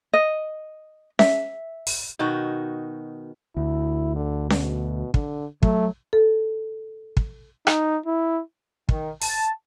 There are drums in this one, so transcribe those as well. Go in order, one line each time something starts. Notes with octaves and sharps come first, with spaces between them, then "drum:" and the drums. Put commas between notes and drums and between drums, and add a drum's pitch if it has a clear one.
D#5
E5, drum: snare C#4
drum: open hi-hat
B2 D#3 D#4 F#4
D2 E4
D3
B2, drum: snare C#4
D3, drum: kick
F#3 A3, drum: kick
A4
drum: kick
D#4, drum: rim click
E4
D#3, drum: kick
A5, drum: open hi-hat